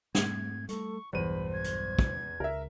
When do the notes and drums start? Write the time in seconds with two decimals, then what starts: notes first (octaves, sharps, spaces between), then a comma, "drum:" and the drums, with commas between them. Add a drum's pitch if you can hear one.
0.15 G#2 A3 C4 G#6, drum: snare
0.69 G3 A3 A4 C#6, drum: hi-hat
1.13 B1 E2 G2 F#3 C5 B5 D#7
1.53 G#6
1.64 drum: hi-hat
1.99 drum: kick
2.40 C#2 A#4 E5